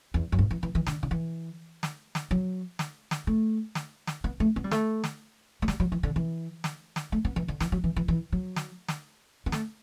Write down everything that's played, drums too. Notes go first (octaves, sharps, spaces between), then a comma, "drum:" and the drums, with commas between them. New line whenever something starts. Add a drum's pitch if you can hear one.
E2
F#2
G2
E3
E3
E3
D3, drum: snare
D3
E3
drum: snare
drum: snare
F#3
drum: snare
drum: snare
A3
drum: snare
drum: snare
B3
A3
B3
G3
A3, drum: snare
drum: snare
A3
G3, drum: snare
F#3
E3
D3
E3
drum: snare
drum: snare
A3
B3
E3
D3
E3, drum: snare
F#3
E3
E3
E3
F#3
drum: snare
drum: snare
B3
A3, drum: snare